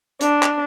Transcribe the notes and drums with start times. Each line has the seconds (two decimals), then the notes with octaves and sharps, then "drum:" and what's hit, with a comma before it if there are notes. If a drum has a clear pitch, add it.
0.21 D4, drum: hi-hat
0.43 drum: clap